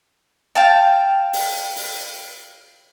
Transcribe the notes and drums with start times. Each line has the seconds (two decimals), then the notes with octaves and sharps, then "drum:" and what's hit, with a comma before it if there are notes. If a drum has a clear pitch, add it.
0.55 F5 G5 A5
1.33 drum: open hi-hat
1.76 drum: open hi-hat